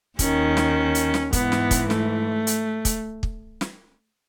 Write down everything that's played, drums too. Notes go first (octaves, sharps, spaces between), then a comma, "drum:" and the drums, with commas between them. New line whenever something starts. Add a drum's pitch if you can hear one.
D#2 D#3 C#4, drum: kick, hi-hat
drum: snare
drum: hi-hat
drum: snare
G#2 E3 B3, drum: kick, hi-hat
drum: snare
drum: kick, hi-hat
A3, drum: snare
drum: hi-hat
drum: kick, hi-hat
drum: kick
drum: snare